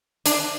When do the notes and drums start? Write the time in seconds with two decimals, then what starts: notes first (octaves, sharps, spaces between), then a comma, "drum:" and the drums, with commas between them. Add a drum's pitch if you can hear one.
0.26 D4, drum: hi-hat